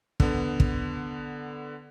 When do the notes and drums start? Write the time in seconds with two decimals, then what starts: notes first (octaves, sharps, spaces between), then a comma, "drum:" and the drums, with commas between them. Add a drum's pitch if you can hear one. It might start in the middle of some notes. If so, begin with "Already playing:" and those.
0.20 D3 B3, drum: kick
0.60 drum: kick